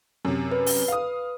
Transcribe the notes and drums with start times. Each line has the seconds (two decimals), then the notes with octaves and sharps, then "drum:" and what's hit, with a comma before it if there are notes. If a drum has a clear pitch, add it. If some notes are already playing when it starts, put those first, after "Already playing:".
0.25 F#2 C3
0.51 B4
0.66 drum: open hi-hat
0.88 F5 D#6